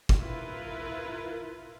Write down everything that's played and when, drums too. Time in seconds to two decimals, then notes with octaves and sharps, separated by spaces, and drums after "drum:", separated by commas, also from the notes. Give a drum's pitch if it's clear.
0.09 drum: kick
0.18 E4 F4 A#4 B4